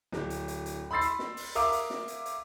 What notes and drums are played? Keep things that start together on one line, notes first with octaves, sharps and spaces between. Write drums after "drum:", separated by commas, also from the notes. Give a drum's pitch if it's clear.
D1, drum: snare
drum: hi-hat
drum: hi-hat
drum: hi-hat
B5 C6 E6 A6 C7
drum: hi-hat
drum: snare
drum: open hi-hat
A#4 E5 F5 D6 D#6, drum: hi-hat
drum: hi-hat
drum: snare
drum: hi-hat
drum: hi-hat